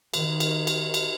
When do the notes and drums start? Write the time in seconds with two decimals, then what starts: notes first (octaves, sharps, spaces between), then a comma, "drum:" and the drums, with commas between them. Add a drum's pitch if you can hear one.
0.14 D#3, drum: cymbal
0.40 drum: cymbal
0.67 drum: cymbal
0.94 drum: cymbal